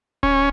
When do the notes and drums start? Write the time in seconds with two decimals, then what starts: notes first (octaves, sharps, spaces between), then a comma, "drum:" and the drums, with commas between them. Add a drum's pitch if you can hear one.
0.23 C#4, drum: kick D1